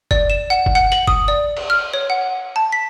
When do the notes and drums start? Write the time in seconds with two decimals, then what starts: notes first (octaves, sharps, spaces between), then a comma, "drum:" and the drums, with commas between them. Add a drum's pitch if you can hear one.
0.11 D5, drum: kick F#1
0.30 E7
0.50 F#5
0.66 drum: kick F#1
0.75 F#5
0.92 F#7, drum: hi-hat
1.07 D#6, drum: kick F#1
1.28 D5
1.57 drum: cymbal
1.70 F6
1.94 C#5
2.10 F#5
2.56 A5
2.72 B6